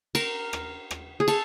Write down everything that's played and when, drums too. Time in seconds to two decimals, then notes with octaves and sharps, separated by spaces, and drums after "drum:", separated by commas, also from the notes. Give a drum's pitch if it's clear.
0.15 A#4, drum: cymbal
0.53 drum: rim click
0.91 drum: rim click
1.20 G#4
1.28 A4, drum: cymbal